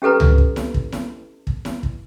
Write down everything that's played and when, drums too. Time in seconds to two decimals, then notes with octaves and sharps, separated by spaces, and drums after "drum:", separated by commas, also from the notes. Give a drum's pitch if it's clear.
0.02 C#4 G4 A4 B4 A#5
0.20 drum: tom C#2
0.38 drum: kick
0.56 drum: snare E4
0.74 drum: kick
0.92 drum: snare E4
1.47 drum: kick
1.65 drum: snare E4
1.83 drum: kick